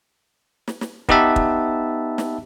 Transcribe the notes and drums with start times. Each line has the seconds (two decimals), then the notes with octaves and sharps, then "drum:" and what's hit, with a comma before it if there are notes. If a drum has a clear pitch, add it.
0.68 drum: snare
0.81 drum: snare
1.09 B3 D#4 G4 B4 E5 A5, drum: kick
1.36 drum: kick
2.18 drum: snare